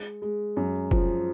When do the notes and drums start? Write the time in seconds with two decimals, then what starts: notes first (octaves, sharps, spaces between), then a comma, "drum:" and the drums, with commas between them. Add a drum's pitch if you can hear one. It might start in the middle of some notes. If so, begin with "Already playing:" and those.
Already playing: G#3
0.22 G#3
0.57 F#2
0.91 F3, drum: kick